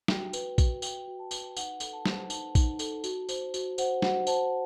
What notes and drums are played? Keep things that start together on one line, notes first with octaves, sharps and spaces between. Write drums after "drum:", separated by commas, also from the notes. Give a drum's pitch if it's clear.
F#4 G5, drum: snare
B4, drum: tambourine
F#4, drum: kick A#1, tambourine
B4 G5, drum: tambourine
F#4
A5
B4, drum: tambourine
D#4 F#5, drum: tambourine
A4, drum: tambourine
A5
C5, drum: snare
D#4 A5, drum: tambourine
D#4, drum: kick A#1, tambourine
A4, drum: tambourine
F#4, drum: tambourine
C5, drum: tambourine
F#4, drum: tambourine
C5 F#5, drum: tambourine
F#4 F#5, drum: snare
C5 A5, drum: tambourine